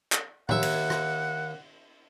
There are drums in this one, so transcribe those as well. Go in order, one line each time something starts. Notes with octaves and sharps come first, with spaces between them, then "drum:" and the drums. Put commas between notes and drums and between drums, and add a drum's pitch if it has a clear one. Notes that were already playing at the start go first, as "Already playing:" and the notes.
drum: clap
D#2 E5 F#5, drum: tom A2
drum: cymbal
drum: rim click